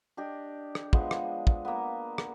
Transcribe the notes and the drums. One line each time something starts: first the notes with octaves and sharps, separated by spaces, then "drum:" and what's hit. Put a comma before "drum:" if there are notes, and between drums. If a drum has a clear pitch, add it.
D4 G4 D#5
drum: rim click
F3 G#3 B3, drum: kick
drum: rim click
drum: kick
A#3 B3
drum: rim click